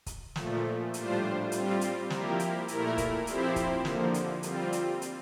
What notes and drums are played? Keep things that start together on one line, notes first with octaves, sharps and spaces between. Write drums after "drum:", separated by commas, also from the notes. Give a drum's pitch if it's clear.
drum: kick, hi-hat
A#2 F3 A3, drum: snare
A2 G3 D4 F4 C5, drum: hi-hat
G3 C4 F4, drum: hi-hat
drum: hi-hat
F3 A#3 E4 G4 A#4, drum: snare
drum: hi-hat
A#2 A3 E4 A#4, drum: hi-hat
drum: kick, hi-hat
F3 C4 E4 G4 C5, drum: hi-hat
drum: kick, hi-hat
D3 F3 A#3, drum: snare
drum: hi-hat
G3 C4 F4, drum: hi-hat
drum: hi-hat
drum: hi-hat